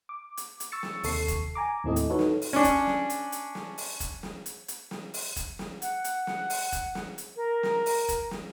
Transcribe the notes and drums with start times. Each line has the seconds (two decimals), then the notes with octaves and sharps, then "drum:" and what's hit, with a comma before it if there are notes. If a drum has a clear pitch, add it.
0.09 D6
0.37 drum: hi-hat
0.60 drum: hi-hat
0.72 C#6 E6 A6 C#7
0.83 drum: snare
1.04 D#2 C3 A4 C#6 C7, drum: open hi-hat
1.28 drum: kick F1, hi-hat
1.55 G#5 A#5 D6
1.84 D#2 A2 C4 E4 A4 D#5
1.96 drum: hi-hat
2.10 D#4 F#4 A4 B4 C#5
2.19 drum: snare
2.42 drum: open hi-hat
2.53 C#4 D4
2.64 drum: kick F1, hi-hat
2.87 drum: snare
3.10 drum: hi-hat
3.32 drum: hi-hat
3.55 drum: snare
3.78 drum: open hi-hat
4.00 drum: kick F1, hi-hat
4.23 drum: snare
4.46 drum: hi-hat
4.68 drum: hi-hat
4.91 drum: snare
5.14 drum: open hi-hat
5.36 drum: kick F1, hi-hat
5.59 drum: snare
5.82 F#5, drum: hi-hat
6.04 drum: hi-hat
6.27 drum: snare
6.50 drum: open hi-hat
6.72 drum: kick F1, hi-hat
6.95 drum: snare
7.18 drum: hi-hat
7.36 A#4
7.63 drum: snare
7.86 drum: open hi-hat
8.09 drum: kick F1, hi-hat
8.31 drum: snare